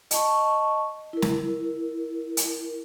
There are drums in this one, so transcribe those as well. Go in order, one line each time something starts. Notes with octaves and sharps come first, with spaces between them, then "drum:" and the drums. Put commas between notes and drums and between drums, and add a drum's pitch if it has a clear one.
D#5 A5 C#6, drum: hi-hat
E4 A#4
drum: snare
drum: hi-hat